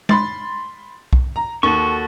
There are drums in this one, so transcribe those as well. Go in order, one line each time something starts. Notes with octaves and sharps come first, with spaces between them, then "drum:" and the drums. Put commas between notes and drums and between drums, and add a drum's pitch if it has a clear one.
B5 C6 A6, drum: tom
drum: kick B1
A#5
D#2 F#4 A4 C#6